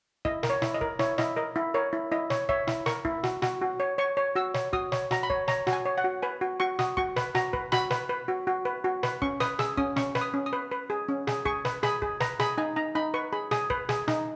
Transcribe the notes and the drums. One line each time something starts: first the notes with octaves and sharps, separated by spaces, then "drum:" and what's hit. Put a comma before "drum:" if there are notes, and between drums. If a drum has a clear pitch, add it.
E4 D#5, drum: kick
A#4, drum: snare
C#5
E4, drum: snare
D#5
A#4, drum: kick
E4 C#5, drum: snare
E4 D#5, drum: snare
A#4 D#5
E4
A#4 C#5
E4
E4 D#5
C#5, drum: snare
C#5 E5, drum: kick
E4, drum: snare
A#4 C#6, drum: snare
E4, drum: kick
F#4, drum: snare
F#4, drum: snare
F#4
C#5
C#5 C#6
C#5
F#4 E6
C#5, drum: snare
F#4 D#6, drum: kick
C#5, drum: snare
F#4 A#5, drum: snare
B5
C#5, drum: kick
C#5 A#5, drum: snare
F#4, drum: snare
G#5
C#5
F#5
F#4
B4 G#5
F#4
F#4 C#6
F#4 D#6, drum: snare
F#4 C#6, drum: kick
B4, drum: snare
F#4 A#5, drum: snare
B4, drum: kick
F#4 B5, drum: snare
B4, drum: snare
B4
F#4
F#4
B4
F#4
B4, drum: snare
C#4 C#6, drum: kick
B4 D#6, drum: snare
G#4 E6, drum: snare
C#4 D#6, drum: kick
C#4 C#6, drum: snare
B4, drum: snare
D#6
C#4
D#6
B4
B4
G#4
C#4
G#4, drum: snare
G#4 C#6, drum: kick
B4, drum: snare
G#4 B5, drum: snare
G#4, drum: kick
B4 A#5, drum: snare
G#4 B5, drum: snare
D#4 G#5
D#4 A#5
D#4 B5
B4 C#6
G#4 B5
G#4 D#6, drum: snare
B4, drum: kick
G#4, drum: snare
D#4, drum: snare